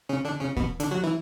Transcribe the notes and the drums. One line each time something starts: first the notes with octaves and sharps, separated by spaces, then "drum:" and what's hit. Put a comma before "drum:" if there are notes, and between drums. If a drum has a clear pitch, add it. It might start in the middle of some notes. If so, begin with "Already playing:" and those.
C#3 C#4
D3 D4
C#3 C#4
B2 B3, drum: kick D#2
D3 D4, drum: hi-hat
F#3 F#4
E3 E4